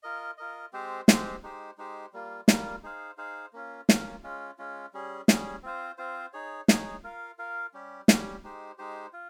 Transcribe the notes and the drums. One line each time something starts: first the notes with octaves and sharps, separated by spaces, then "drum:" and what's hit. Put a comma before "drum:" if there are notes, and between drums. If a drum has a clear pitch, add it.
F4 A#4 D#5
F4 A#4 D#5
G#3 C4 G4 C5
G#3 C4 G4 C5, drum: snare
G#3 D#4 G4 C5
G#3 D#4 G4 C5
G3 A#3 F4
G3 A#3 F4, drum: snare
D#4 G#4 C5 F5
D#4 G#4 C5 F5
A#3 C#4 F4
A#3 C#4 F4, drum: snare
G#3 C#4 F4
G#3 C#4 F4
G3 C#4 G#4
G3 C#4 G#4, drum: snare
C4 F4 C5
C4 F4 C5
D#4 G#4 C#5
D#4 G#4 C#5, drum: snare
F4 A#4 F5
F4 A#4 F5
G3 C#4 G4
G3 C#4 G4, drum: snare
G#3 D#4 G4 C5
G#3 D#4 G4 C5
F4